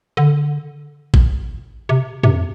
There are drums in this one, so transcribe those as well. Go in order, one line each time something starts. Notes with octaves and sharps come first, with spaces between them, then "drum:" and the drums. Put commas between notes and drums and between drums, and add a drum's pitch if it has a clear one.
D3
drum: kick
C3
C3, drum: tom